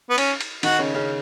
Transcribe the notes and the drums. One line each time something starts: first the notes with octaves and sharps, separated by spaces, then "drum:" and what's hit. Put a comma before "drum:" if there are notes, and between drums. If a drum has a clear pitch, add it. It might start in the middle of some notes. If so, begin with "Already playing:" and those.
B3
C#4, drum: cymbal
drum: cymbal
D#3 D#4 F#4, drum: cymbal
C#3 C#4
C#3 C#4